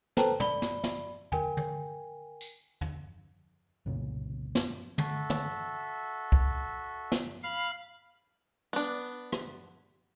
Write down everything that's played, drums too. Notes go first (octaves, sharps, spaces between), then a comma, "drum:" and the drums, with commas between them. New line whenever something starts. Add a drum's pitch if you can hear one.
A4 B4 C5 G5 A5 A#5, drum: snare
D5 B5 G7, drum: tom
drum: snare
drum: snare
A#4 G5 G#5, drum: tom
drum: tom
drum: tambourine
drum: tom
C2 F#2 A#2 C#3
drum: snare
F#4 A4 E5, drum: tom
drum: tom
drum: kick C2
drum: snare
F5 B5 F6
B3 D4
drum: rim click